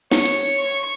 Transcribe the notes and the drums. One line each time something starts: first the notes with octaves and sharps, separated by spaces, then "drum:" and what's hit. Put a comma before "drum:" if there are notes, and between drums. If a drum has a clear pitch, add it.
C#5, drum: snare
drum: hi-hat
C#6